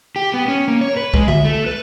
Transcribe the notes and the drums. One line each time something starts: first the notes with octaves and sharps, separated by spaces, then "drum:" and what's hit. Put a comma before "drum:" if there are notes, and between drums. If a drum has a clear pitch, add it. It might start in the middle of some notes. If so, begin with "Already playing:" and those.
G4
B3
C#4
A#3
C#5
B4
G#3, drum: kick
E5, drum: tom D3
A3
B4